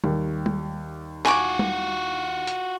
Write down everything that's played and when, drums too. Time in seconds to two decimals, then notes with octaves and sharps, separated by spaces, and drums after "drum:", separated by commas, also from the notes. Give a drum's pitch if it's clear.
0.04 D#2 G3, drum: tom G3
0.46 drum: tom G3
1.26 F4 F#4 G#5 C#6 D6, drum: clap
1.59 drum: tom G3
2.47 drum: hi-hat